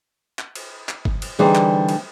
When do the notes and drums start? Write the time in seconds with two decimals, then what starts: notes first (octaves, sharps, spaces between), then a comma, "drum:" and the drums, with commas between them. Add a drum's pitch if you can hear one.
0.39 drum: clap
0.55 drum: cymbal
0.89 drum: clap
1.05 drum: kick G1
1.22 drum: cymbal
1.39 D3 E3 G3 D#4 G#4 C5
1.55 drum: clap
1.89 drum: cymbal